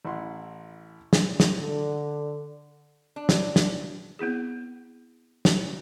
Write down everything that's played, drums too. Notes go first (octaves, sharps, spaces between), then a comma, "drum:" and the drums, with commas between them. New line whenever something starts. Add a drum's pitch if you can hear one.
A1 E4 F#5 C6
drum: snare
drum: snare
D3
D4
drum: snare
drum: snare
B3 C4 E4 G#4
drum: snare